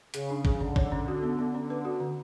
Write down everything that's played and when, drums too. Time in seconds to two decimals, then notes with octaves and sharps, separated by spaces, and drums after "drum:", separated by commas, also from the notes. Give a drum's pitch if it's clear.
0.14 C#3 G#4, drum: hi-hat
0.30 D4
0.45 G#4, drum: kick
0.61 D3 C#4
0.76 C#5, drum: kick
0.92 C#4
1.08 F#4
1.23 B3
1.39 B3
1.54 D3 C#4
1.70 B4
1.85 F#4
2.00 D3